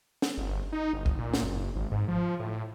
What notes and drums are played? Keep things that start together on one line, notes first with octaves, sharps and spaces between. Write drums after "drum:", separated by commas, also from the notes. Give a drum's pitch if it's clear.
drum: snare
G1
D#4
G1
drum: kick
A#2
drum: snare
F#1
G#1
G#2
F3
A2